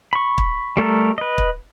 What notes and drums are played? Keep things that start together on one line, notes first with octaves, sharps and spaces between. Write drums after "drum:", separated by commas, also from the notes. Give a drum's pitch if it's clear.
B5 C#6
drum: kick
G3 A3 A4 A#4
B4 D#5
drum: kick